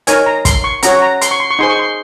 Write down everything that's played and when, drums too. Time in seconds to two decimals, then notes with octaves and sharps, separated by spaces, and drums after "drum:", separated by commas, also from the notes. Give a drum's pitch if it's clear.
0.07 D#4 A#4 C#5 G#5, drum: hi-hat
0.26 A#5
0.45 C6, drum: kick, hi-hat
0.64 C#6
0.83 C#4 F#4 C#5 A#5, drum: hi-hat
1.02 A#5
1.21 C6, drum: hi-hat
1.31 C#6
1.40 C6
1.51 C#6
1.59 D#4 G#4 C5 C6
1.70 C#6
1.80 C6